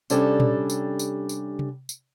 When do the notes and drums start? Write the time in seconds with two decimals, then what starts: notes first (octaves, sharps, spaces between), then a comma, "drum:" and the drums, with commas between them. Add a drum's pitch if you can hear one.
0.10 C3 G3 C#4 D4 G4 A4, drum: tambourine
0.40 drum: tom A#2
0.70 drum: tambourine
0.99 drum: tambourine
1.29 drum: tambourine
1.59 drum: tom C3
1.89 drum: tambourine